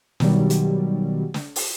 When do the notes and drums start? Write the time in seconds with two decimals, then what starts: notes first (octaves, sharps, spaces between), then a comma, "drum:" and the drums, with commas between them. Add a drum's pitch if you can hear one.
0.20 B2 D#3 F#3 G3, drum: snare
0.50 drum: hi-hat
1.34 drum: snare
1.56 drum: open hi-hat